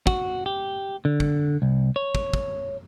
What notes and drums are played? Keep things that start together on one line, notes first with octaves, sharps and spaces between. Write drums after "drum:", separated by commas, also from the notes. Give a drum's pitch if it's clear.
F#4, drum: kick
G4
D3
drum: kick
C2
C#5
drum: kick
drum: kick